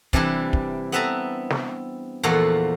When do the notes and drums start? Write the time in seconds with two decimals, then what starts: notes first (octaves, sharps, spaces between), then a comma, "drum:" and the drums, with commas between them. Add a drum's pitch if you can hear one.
0.13 C3 E3 G3 D4 E4, drum: kick
0.53 drum: kick
0.92 B3 C4 B4 E5 A5 A#5
1.50 drum: snare
2.23 E2 A#2 F3 A3 F#4 A4